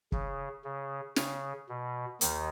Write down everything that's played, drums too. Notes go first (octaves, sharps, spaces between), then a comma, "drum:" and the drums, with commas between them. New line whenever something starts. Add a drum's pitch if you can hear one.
C#3, drum: kick
C#3
C#3, drum: snare
B2
D#2 D#3, drum: hi-hat